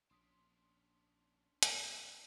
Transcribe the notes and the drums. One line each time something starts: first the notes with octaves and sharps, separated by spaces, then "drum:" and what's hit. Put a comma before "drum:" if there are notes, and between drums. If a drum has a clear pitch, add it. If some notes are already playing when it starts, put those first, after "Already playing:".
A#1 C#4 D4 C6 D#6 B6
drum: hi-hat